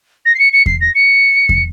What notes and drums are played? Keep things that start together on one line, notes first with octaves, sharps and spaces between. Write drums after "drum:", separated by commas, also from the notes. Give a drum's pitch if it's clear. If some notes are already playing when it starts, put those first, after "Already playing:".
A#6
C7
C#7
C#7
C7, drum: kick E2
A#6
C#7
drum: kick E2